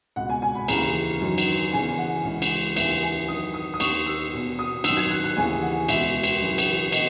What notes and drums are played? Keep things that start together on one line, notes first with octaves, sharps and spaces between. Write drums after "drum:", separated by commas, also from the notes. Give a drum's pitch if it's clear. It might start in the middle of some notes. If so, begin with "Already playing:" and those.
C#2 B2 F#5
G#5
G#5
B5
D#2 C#3 E3 A#5, drum: cymbal
F#2 D#3
drum: cymbal
E2 C#3 E3 G#5
F#5
C#2 C#3 E3
drum: cymbal
D#2 C#3 E3 E5, drum: cymbal
G#5
F#2 D#3 D#6
D#6
D#6
D#2 D#3 C#6, drum: cymbal
E6
E2 B2
D#6
F#2 D#3 E6, drum: cymbal
G#6
F#6
F#6
D#2 C#3 E3 G#5
F#5
C#2 B2 E5, drum: cymbal
drum: cymbal
F#2 C#3 E3
drum: cymbal
B2 D#5, drum: cymbal